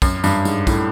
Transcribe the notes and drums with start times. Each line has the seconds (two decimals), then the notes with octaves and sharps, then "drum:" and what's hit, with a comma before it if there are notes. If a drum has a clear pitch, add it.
0.02 F#2, drum: kick, tambourine
0.24 G2, drum: tambourine
0.45 G#2, drum: tambourine
0.67 A2, drum: kick, tambourine